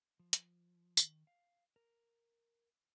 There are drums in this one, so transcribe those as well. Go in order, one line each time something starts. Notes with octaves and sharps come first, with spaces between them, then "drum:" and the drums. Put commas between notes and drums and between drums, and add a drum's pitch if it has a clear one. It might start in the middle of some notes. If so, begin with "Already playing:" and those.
F3
drum: hi-hat
D#3, drum: tambourine
F5
A#4